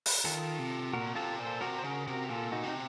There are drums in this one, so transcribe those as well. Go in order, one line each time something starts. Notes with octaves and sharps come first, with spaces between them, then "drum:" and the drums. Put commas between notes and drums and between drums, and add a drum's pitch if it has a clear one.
drum: open hi-hat
D#3 F4 A4
C3
A#2 F#4 A#4
C3 F4 A4
A#2 A4 C5
C3 F#4 A#4
C5
C#3 F#4 A#4
C3 F#4 A#4
A#2 F4 A4
D#4 F#4
C3 D#4